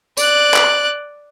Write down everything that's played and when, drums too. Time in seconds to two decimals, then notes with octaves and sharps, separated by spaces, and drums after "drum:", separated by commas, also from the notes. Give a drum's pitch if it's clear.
0.17 D5 F#6, drum: tambourine
0.54 drum: clap